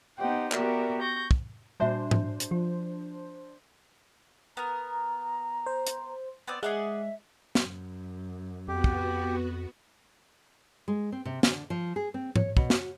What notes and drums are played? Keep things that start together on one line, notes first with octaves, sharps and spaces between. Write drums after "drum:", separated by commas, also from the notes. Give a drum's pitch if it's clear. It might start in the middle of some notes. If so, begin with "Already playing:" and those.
B3 D#4 G4 C5 F#5 G5
B3 F#4 G4 A#4 D5 E5, drum: clap
C#6 G6 A#6
drum: kick
A#2 G3 D4 F#4 C5 E5 G#5 C6
drum: tom G#2
drum: hi-hat
F3 F4
B3 A#4 A#5
C5
drum: hi-hat
B3 C4 D5
G#3 G#4 D5 E5 F#5
F#2, drum: snare
F2 B3 F#4 G4
drum: kick
G#3
C4
C3
D3, drum: snare
F3
G#4
C4
C#5, drum: tom G#2
B2, drum: kick
F#4, drum: snare